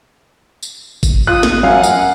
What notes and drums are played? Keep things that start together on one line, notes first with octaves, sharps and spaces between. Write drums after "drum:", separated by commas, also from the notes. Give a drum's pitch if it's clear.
drum: tambourine
drum: kick G#1, tambourine
F4 D#6 F#6
drum: snare
F#2 A#4 F5 F#5 G#5
drum: tambourine